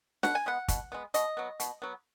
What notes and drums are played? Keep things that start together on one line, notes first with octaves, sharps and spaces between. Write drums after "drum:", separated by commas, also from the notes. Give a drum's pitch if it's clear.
B2 F#5, drum: snare
G#5
G#3 B3 F#5
B2, drum: kick, hi-hat
G#3 B3
B2 D#5, drum: hi-hat
F#3 B3
B2, drum: hi-hat
F#3 B3